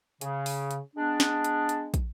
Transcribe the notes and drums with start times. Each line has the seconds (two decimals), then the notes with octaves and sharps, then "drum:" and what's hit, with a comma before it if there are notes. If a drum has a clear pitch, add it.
0.21 C#3, drum: hi-hat
0.46 drum: open hi-hat
0.71 drum: hi-hat
0.96 G#3 B3 D4
1.20 drum: snare
1.44 drum: hi-hat
1.69 drum: hi-hat
1.94 drum: kick, hi-hat